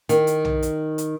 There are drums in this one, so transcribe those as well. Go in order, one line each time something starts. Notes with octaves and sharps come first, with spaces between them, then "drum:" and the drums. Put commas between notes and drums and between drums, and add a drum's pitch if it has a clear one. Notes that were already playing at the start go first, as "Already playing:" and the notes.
D#3, drum: hi-hat
drum: hi-hat
drum: tom B1
drum: hi-hat
drum: hi-hat